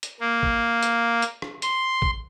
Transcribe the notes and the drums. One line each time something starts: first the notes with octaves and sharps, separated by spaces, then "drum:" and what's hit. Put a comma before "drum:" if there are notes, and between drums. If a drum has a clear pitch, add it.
drum: hi-hat
A#3
drum: kick
drum: hi-hat
drum: hi-hat
drum: rim click
C6, drum: hi-hat
drum: kick